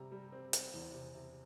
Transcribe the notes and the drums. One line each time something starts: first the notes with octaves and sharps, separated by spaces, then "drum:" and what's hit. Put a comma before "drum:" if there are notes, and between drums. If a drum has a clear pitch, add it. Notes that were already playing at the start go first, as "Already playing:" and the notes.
Already playing: C3 G3 A#5
G3
C4
C4, drum: hi-hat
E2
C3
C3